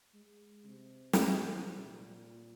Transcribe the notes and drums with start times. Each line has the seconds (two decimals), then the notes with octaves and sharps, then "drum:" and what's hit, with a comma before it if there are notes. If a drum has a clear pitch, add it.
0.14 G#3
0.66 C3
1.13 drum: snare
1.71 A#2